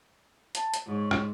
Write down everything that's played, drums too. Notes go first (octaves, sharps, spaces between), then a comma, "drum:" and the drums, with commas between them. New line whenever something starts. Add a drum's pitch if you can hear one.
A5, drum: hi-hat
drum: hi-hat
G#2 C#5
drum: rim click